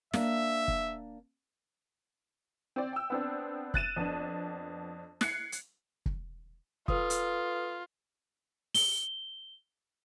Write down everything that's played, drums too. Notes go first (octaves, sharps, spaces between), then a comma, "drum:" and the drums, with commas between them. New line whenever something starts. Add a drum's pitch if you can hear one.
A#3 D4 E5, drum: snare
drum: kick
C4 D5
G5 E6
B3 C4 D4
F#6 A6 D#7 E7, drum: kick
F2 B3 D4
F#6 G#6 C7 C#7, drum: snare
drum: hi-hat
drum: kick
F4 A4 B4 D#6, drum: kick
drum: hi-hat
G7, drum: open hi-hat